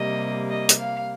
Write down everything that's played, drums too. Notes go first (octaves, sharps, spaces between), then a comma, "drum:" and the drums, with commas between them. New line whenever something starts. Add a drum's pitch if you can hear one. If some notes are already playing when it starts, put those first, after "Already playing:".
Already playing: C3 G3 A#3 D#5
D#5
drum: hi-hat
F5